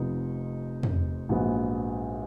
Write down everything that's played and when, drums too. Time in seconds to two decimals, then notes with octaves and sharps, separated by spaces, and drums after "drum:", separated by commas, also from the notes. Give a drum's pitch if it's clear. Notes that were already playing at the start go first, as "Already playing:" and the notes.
Already playing: F1 F2 F3 B3 D#4
0.83 drum: tom
1.29 A#1 G#2 F#3 B3